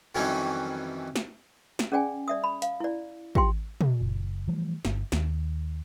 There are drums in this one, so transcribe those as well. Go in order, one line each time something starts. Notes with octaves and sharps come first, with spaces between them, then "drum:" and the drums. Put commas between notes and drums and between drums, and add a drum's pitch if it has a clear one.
F2 D#3 E3 F#3 G3 C#4
drum: snare
drum: snare
C#4 G#4 D5 G5 G#5
D5 E5 D#6
B5
F5, drum: hi-hat
E4 D5
F4 G4 G5 C6, drum: kick
drum: tom
F#1
E3 F3 G3 A3
G1, drum: snare
D#2, drum: snare